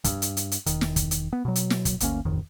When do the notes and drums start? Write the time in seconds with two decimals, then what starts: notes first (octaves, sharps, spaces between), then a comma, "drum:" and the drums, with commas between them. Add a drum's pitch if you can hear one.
0.04 G2, drum: kick, hi-hat
0.22 drum: hi-hat
0.37 drum: hi-hat
0.51 drum: hi-hat
0.66 E1 D#3, drum: hi-hat
0.81 drum: snare
0.96 drum: kick, hi-hat
1.11 drum: hi-hat
1.33 B3
1.45 B2 F#3
1.55 drum: hi-hat
1.70 drum: snare
1.85 drum: kick, hi-hat
2.00 G1 D2 A#3 C#4, drum: hi-hat
2.25 D#1 A1 F2 D#3